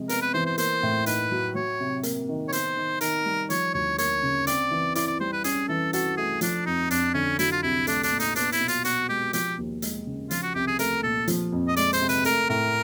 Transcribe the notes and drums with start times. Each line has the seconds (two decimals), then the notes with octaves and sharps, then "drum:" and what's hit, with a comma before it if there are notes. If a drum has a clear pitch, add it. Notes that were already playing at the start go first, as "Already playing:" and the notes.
Already playing: C3 F3 G#3
0.09 B3 A#4, drum: hi-hat
0.22 B4
0.34 E3 C5
0.46 C5
0.58 A#3 C5, drum: hi-hat
0.83 A2
1.06 D#4 B4, drum: hi-hat
1.31 F#3
1.55 F#3 C#5
1.80 C3
2.03 A#3, drum: hi-hat
2.29 D#3
2.48 C#5
2.52 B3 C5, drum: hi-hat
2.77 D#3
3.01 D#3 A#4, drum: hi-hat
3.25 G3
3.50 F3 C#5, drum: hi-hat
3.74 D2 C#5
3.98 A#3 C#5, drum: hi-hat
4.23 C#3
4.47 C4 D5, drum: hi-hat
4.71 E3
4.95 E4 D5, drum: hi-hat
5.07 D5
5.20 G3 C5
5.32 B4
5.44 C#4 G#4, drum: hi-hat
5.69 E3 A4
5.93 F#4 A4, drum: hi-hat
6.17 A3 G#4
6.41 F3 D4, drum: hi-hat
6.66 F2 D#4
6.91 F2 D4, drum: hi-hat
7.14 D3 C#4
7.39 F#3 E4, drum: hi-hat
7.52 F4
7.63 C2 E4
7.87 A3 D4, drum: hi-hat
8.03 D4, drum: hi-hat
8.12 A#2
8.20 D#4, drum: hi-hat
8.36 B3 D4, drum: hi-hat
8.52 E4, drum: hi-hat
8.60 B2
8.68 F4, drum: hi-hat
8.85 B2 F#4, drum: hi-hat
9.09 G#3 G4
9.33 F3 G4, drum: hi-hat
9.58 D#2
9.82 G#3, drum: hi-hat
10.06 C#3
10.31 F3 F4, drum: hi-hat
10.43 F#4
10.55 C2 G4
10.67 G#4
10.79 A3 A#4, drum: hi-hat
11.03 A#2 A4
11.28 F3, drum: hi-hat
11.52 F2
11.68 D#5
11.76 G#3 D5, drum: hi-hat
11.93 C5, drum: hi-hat
12.01 C3
12.09 B4, drum: hi-hat
12.24 A3 A#4, drum: hi-hat
12.49 A2 A#4